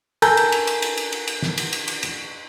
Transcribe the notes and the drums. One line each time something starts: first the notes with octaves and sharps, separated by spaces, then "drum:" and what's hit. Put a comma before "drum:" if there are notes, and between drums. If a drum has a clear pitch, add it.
A4 A#4 G#5 A#5 G6, drum: cymbal
drum: cymbal
drum: cymbal
drum: cymbal
drum: cymbal
drum: cymbal
drum: cymbal
drum: cymbal
drum: snare
drum: cymbal
drum: cymbal
drum: cymbal
drum: cymbal